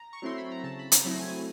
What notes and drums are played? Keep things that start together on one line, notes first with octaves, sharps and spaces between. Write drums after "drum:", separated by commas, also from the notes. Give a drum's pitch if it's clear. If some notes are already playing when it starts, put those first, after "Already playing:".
Already playing: A#5
C#6
F#3 A3 C4 E4 C6
B5
A#5
C#3 A5
B5
A#5, drum: hi-hat
F#3 A3 C4 E4
G#5